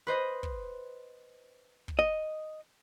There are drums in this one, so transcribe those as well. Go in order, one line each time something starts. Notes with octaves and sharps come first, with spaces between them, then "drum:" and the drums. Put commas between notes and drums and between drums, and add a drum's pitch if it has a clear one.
B4 C5 D#5
drum: kick
drum: kick
D#5